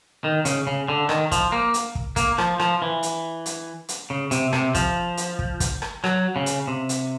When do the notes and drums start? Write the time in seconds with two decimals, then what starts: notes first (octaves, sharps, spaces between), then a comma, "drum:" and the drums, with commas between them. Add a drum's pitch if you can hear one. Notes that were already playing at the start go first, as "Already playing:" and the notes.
0.24 D#3
0.45 C#3, drum: hi-hat
0.67 C#3
0.88 D3
1.09 D#3, drum: rim click
1.31 F3, drum: kick, hi-hat
1.52 A#3
1.74 drum: hi-hat
1.95 drum: kick
2.16 A#3, drum: kick, hi-hat
2.38 F3, drum: rim click
2.60 F3, drum: rim click
2.82 E3
3.03 drum: hi-hat
3.46 drum: hi-hat
3.89 drum: hi-hat
4.10 C#3
4.31 C3, drum: hi-hat
4.53 C3, drum: rim click
4.75 F3, drum: kick, hi-hat
5.17 drum: hi-hat
5.39 drum: kick
5.60 drum: kick, hi-hat
5.82 drum: rim click
6.04 F#3, drum: rim click
6.36 C#3
6.46 drum: hi-hat
6.67 C3
6.89 drum: hi-hat